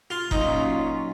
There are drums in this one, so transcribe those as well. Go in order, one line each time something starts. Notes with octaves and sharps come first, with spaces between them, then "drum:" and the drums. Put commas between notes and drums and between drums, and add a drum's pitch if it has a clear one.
F4
A#2 F#3 C#4 D#4 F4, drum: kick F#1